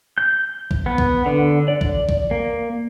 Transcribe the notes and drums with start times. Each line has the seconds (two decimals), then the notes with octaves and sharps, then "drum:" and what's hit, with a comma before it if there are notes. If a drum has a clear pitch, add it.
0.18 G6
0.71 drum: kick
0.86 B3
0.98 drum: kick
1.26 D3
1.68 D5
1.81 drum: kick
2.09 drum: kick
2.31 A#3